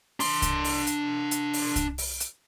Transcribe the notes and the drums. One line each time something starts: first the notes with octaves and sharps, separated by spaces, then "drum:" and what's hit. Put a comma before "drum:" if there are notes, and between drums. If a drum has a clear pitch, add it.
D4 C6, drum: open hi-hat
drum: kick C2, hi-hat
drum: open hi-hat
drum: hi-hat
drum: hi-hat
drum: open hi-hat
drum: kick C2, hi-hat
drum: open hi-hat
drum: hi-hat